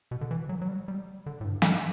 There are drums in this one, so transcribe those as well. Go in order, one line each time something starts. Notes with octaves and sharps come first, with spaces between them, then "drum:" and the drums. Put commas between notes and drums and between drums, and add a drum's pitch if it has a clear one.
B2
D3
E3
F#3
F#3
G3
G3
D3
A2
G2
drum: snare